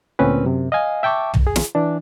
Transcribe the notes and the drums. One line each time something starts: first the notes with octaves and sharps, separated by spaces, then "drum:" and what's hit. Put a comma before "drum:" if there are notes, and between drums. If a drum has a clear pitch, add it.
D2 A#2 C4 C#4 B4
F#2 C3
D#5 F5 G#5
E5 G5 A5 C#6 D6
drum: tom
G#4
drum: snare
E3 D4